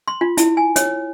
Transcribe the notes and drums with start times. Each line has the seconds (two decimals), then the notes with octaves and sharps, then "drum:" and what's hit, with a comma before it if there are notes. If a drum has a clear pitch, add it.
0.08 C6
0.21 F4
0.37 E4, drum: hi-hat
0.57 G#5
0.76 C#5, drum: hi-hat